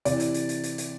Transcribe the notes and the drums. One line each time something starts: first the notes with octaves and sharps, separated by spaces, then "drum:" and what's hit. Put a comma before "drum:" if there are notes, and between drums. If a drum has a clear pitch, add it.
C3 E3 D5, drum: hi-hat
drum: hi-hat
drum: hi-hat
drum: hi-hat
drum: hi-hat
drum: hi-hat